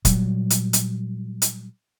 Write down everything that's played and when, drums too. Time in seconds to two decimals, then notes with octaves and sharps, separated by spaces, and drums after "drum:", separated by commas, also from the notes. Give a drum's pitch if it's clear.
0.05 A#2 F#3 G3, drum: kick, hi-hat
0.50 drum: hi-hat
0.73 drum: hi-hat
1.42 drum: hi-hat